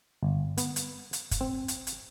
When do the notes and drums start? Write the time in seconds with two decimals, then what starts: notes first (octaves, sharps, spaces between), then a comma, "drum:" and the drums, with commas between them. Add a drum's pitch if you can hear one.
0.23 G1
0.58 B3, drum: hi-hat
0.76 drum: hi-hat
1.13 drum: hi-hat
1.31 drum: kick F#1, hi-hat
1.41 C4
1.68 drum: hi-hat
1.87 drum: hi-hat